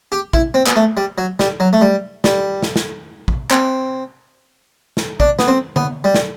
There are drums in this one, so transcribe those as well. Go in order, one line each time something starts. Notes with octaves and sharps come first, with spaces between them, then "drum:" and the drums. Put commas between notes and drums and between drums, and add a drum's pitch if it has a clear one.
G4
E4, drum: kick
C4
B3, drum: clap
A3
G3
F#3
G3, drum: snare
F#3
A3
G3
G3, drum: snare
drum: snare
drum: snare
drum: kick
C4, drum: clap
drum: snare
D4, drum: kick
B3, drum: snare
C4
B3, drum: tom D3
G3
drum: snare